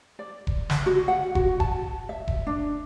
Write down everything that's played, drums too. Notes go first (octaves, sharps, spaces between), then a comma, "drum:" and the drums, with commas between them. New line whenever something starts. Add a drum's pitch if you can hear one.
D5
drum: kick E1
drum: snare
F#4
F#5
F#4, drum: kick E1
A5, drum: kick E1
E5
drum: kick E1
D4